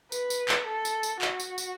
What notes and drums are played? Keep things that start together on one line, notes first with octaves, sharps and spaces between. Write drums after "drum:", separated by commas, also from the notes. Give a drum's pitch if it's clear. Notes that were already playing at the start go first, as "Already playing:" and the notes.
B4, drum: tambourine
drum: tambourine
drum: clap
A4
drum: tambourine
drum: tambourine
F#4, drum: clap
drum: tambourine
drum: tambourine